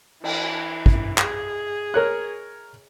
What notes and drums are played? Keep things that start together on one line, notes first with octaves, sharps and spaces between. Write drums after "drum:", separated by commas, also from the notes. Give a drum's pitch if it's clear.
E3, drum: cymbal
drum: kick
G#4, drum: clap
A#4 C#5 F#6